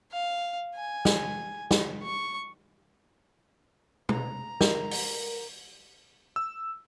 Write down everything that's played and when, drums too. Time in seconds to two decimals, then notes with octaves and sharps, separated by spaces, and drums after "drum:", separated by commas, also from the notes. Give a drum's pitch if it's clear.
0.12 F5
0.75 G#5
1.05 drum: snare
1.71 drum: snare
2.02 C#6
4.09 A#5, drum: tom B2
4.61 A#4, drum: snare
4.91 drum: open hi-hat
6.36 E6